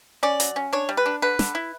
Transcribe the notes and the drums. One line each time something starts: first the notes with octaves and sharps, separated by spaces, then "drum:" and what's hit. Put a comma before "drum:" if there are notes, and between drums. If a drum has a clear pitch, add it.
C#4 D5
F#3, drum: hi-hat
C#4
D4 C#5
G3
B4
D4
D3 B4
D3, drum: snare
E4